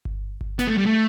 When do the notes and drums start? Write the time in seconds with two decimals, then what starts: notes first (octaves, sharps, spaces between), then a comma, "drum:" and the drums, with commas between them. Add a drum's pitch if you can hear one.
0.05 drum: kick G1
0.41 drum: kick G1
0.59 B3, drum: snare
0.67 A3
0.77 G3
0.86 A3